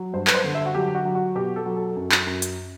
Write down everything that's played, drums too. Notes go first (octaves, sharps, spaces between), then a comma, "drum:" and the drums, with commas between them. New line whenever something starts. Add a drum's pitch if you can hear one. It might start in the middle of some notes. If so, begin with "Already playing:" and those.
Already playing: F#3
G2 C5
B4, drum: clap
C5
D3
E5
F#4
F#3 G4
F#4
F#3
F#4
B2 G4
A4
F#3
A4
F#2
drum: clap
F#2
drum: hi-hat